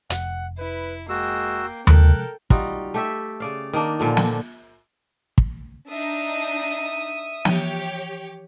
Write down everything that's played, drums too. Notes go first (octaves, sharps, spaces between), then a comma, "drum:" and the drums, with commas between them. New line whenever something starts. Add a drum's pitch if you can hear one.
F1 F#5, drum: hi-hat
E4 B4
G#3 A#3 F#4 G5 E6
C3 F3 G#3 A4 A#4 G5 F#6, drum: tom D#2
G3 D#4 F4 F#4, drum: kick
A3 G4 E5
C#3 D5 F5
D#3 A#3 D4
A#2 D3 F3
drum: snare
drum: kick
D4 D#4 E5 D#6
E3 F3 G4 C#5, drum: snare